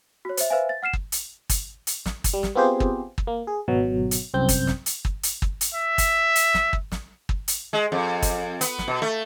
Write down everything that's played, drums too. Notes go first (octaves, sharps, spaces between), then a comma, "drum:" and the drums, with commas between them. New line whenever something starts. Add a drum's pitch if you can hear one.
F#4 C#5
C5 E5, drum: hi-hat
B4 C5 E5 F5 G#5
A6
F#5 F6 C7 E7
drum: kick
drum: hi-hat
drum: kick, hi-hat
drum: hi-hat
drum: snare
drum: kick, hi-hat
G3
drum: snare
B3 C4 F4 G4 G#4 C5
drum: kick
drum: kick
A#3
G#4
G#1 B2 F#3
drum: hi-hat
C2 F#2 C4 G6
drum: kick, hi-hat
drum: snare
drum: hi-hat
drum: kick
drum: hi-hat
drum: kick
drum: hi-hat
E5
drum: kick, hi-hat
drum: hi-hat
drum: snare
drum: kick
drum: snare
drum: kick
drum: hi-hat
G#3
F2
drum: kick, hi-hat
B3, drum: hi-hat
drum: snare
B2
A3